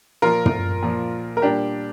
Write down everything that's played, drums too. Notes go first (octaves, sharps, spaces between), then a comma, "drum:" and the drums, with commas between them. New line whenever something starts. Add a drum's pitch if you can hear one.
A#2 F3 F4 A#4
drum: tom
A#2 F3
A#4
A#2 G3 D4 G4